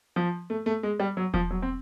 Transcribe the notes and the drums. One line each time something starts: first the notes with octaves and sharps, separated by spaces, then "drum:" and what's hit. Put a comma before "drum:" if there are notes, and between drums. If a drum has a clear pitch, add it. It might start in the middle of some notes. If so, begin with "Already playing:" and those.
F3
A3
A3
G#3
G3
F#3
F3, drum: kick E1
F#3
C4